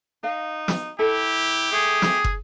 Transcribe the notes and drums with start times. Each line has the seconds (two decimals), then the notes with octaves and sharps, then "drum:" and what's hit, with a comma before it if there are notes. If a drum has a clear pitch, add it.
0.23 D#4 D#5 F5
0.68 drum: snare
0.99 E4 G4 A4
1.72 A3 G#4
2.02 drum: snare
2.24 drum: kick